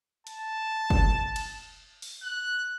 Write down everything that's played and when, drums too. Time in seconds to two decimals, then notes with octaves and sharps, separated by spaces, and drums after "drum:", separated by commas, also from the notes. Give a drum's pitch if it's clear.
0.27 A5, drum: hi-hat
0.90 drum: kick
1.36 drum: cymbal
2.02 drum: open hi-hat
2.22 F#6